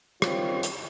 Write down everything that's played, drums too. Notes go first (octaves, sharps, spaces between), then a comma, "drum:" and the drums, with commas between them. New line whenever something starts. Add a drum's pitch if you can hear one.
D#3 G3 C4 F4 C#5, drum: rim click
drum: hi-hat